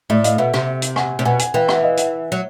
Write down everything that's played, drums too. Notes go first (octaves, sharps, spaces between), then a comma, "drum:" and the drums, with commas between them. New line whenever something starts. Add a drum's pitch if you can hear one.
A2 D5 E5
D#5 F5, drum: hi-hat
B2 E5 F#5
C3, drum: rim click
drum: hi-hat
F#5 G#5, drum: rim click
C3
B2 F#5 G#5
F#5 G#5, drum: hi-hat
E3 F5 G5
E5 F#5, drum: rim click
D#5 F5
E5 F#5, drum: hi-hat
F#3